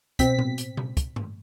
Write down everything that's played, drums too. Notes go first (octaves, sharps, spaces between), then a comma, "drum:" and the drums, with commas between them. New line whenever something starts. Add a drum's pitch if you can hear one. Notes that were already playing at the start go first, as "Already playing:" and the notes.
B2 C4 B6, drum: kick, hi-hat
drum: tom A2
drum: hi-hat
drum: tom B2
drum: kick, hi-hat
drum: tom G2